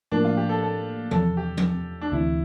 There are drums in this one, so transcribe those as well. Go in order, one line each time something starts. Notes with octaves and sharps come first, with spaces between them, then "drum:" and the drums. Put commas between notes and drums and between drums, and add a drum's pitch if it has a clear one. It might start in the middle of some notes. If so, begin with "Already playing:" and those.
A2 F3 A#3 D4
F4
G4
A4
A4
E2 C3 F3 A4, drum: tom F3
G4
drum: tom F3
D4
D2 C3 E3 E4